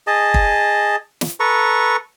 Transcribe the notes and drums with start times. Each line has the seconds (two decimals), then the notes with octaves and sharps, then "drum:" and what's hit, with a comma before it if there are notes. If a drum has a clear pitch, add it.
0.07 G#4 D#5 A5
0.34 drum: kick
1.21 drum: snare
1.40 A4 B4 A#5 C#6